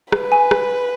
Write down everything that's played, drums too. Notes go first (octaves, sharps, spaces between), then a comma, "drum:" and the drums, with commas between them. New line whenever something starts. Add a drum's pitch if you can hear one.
B4, drum: rim click
G#5
drum: rim click